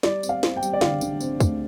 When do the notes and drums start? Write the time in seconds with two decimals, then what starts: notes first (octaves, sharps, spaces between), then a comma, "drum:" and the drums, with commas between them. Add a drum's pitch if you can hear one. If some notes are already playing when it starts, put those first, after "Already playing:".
0.03 G3 D5, drum: snare
0.23 C4, drum: tambourine
0.29 F5
0.43 C4, drum: snare
0.56 G5
0.63 G3, drum: tambourine
0.73 D5
0.81 D3 F5, drum: snare
1.01 D3, drum: tambourine
1.21 C4, drum: tambourine
1.40 D2, drum: kick, tambourine